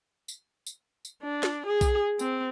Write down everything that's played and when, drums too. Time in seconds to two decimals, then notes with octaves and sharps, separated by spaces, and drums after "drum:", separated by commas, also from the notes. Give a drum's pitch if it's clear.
0.28 drum: tambourine
0.67 drum: tambourine
1.05 drum: tambourine
1.23 D4
1.43 drum: snare
1.66 G#4
1.81 drum: kick B1, tambourine
2.19 C4, drum: tambourine